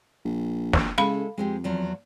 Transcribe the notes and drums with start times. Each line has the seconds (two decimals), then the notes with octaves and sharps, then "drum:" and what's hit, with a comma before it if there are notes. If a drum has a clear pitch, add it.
0.25 A#1
0.73 drum: snare
0.98 C#3 G#3 E4 A4 F5 B5
1.38 F2 G#3 C4 G4
1.64 E2 F3 F#3